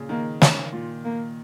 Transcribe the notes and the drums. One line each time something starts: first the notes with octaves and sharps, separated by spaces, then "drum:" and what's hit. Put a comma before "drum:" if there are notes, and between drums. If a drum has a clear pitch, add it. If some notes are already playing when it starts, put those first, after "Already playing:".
Already playing: A#2 C#3
D#3 A#3
C#4, drum: snare
A#2 F4
A#3